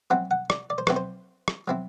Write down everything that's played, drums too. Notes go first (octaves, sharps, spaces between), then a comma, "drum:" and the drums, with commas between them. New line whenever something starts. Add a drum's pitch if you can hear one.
F#3 C4 E4 F#5
F#5
D5, drum: rim click
D5
C5
F#3 C4 E4 B4, drum: rim click
C5
drum: rim click
F#3 C4 E4